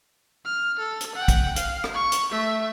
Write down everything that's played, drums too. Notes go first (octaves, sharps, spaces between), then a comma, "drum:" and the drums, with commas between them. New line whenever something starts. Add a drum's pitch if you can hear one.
F6
A4
drum: hi-hat
F#5 G5
drum: kick, hi-hat
F5, drum: hi-hat
drum: rim click
C#6
drum: hi-hat
A3 E5